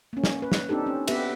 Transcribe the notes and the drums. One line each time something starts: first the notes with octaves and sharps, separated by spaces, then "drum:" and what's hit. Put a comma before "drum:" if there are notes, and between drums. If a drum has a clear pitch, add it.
A#3 C#4
drum: snare
B4
drum: snare
C4 D4 D#4 G4 A4
C#4
B3 G4 B4 E5, drum: cymbal